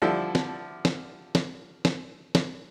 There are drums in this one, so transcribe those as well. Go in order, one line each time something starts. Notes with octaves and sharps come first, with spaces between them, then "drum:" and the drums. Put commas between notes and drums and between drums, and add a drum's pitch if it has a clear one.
D3 F3 G3 E4 A4
drum: snare
drum: snare
drum: snare
drum: snare
drum: snare